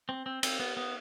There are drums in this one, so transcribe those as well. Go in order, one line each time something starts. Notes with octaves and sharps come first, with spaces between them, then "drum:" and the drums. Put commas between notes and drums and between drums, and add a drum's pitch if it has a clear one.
C4
C4
C4, drum: cymbal
B3
B3